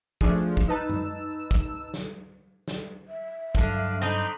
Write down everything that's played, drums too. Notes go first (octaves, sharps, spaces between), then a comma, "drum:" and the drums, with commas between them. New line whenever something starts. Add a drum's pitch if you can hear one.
F3 A3 D4 G#4, drum: kick
drum: kick
D#4 B4 A5 E6
drum: tom F#2
drum: kick
drum: snare
drum: snare
E5
G2 D3 F#3 F5, drum: kick
D3 C4 D#4 B5